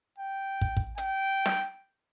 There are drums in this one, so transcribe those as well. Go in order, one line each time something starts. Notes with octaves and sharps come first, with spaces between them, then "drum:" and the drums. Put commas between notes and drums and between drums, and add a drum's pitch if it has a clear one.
G5
drum: kick
drum: kick
G5, drum: hi-hat
drum: snare